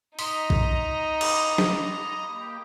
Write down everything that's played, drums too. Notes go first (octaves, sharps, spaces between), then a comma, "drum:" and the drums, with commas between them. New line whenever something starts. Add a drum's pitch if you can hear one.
D#4 D#5 A#5 C6 D#6 B6, drum: open hi-hat
drum: kick A#1
B5 D6 D#6, drum: cymbal
drum: snare
A#3 G4